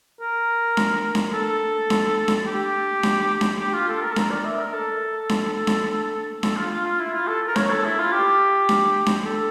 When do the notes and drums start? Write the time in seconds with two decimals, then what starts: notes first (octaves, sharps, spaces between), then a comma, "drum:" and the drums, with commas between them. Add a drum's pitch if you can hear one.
0.21 A#4
0.77 drum: snare D4
1.15 drum: snare D4
1.33 A4
1.90 drum: snare D4
2.28 drum: snare D4
2.46 G4
3.03 drum: snare D4
3.41 drum: snare D4
3.60 G4
3.74 F4
3.88 A4
4.02 A#4
4.12 A4
4.16 A#4, drum: snare D4
4.30 D5
4.44 E5
4.59 A#4
4.73 A4
5.29 drum: snare D4
5.67 drum: snare D4
6.43 A4, drum: snare D4
6.56 F4
6.71 F4
6.85 F4
6.99 E4
7.13 F4
7.27 A4
7.47 A#4
7.56 C#5, drum: snare D4
7.70 A4
7.84 E4
7.98 F4
8.12 G4
8.69 drum: snare D4
9.06 drum: snare D4
9.26 A4